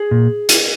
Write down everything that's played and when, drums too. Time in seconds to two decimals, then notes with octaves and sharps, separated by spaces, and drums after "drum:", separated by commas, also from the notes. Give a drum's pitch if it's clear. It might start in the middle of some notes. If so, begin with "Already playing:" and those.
Already playing: G#4
0.11 A#2
0.49 drum: hi-hat